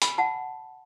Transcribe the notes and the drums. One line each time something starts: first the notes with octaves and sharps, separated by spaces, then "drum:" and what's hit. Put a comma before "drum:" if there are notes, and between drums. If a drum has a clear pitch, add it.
G#5 B5, drum: hi-hat
F#5 A5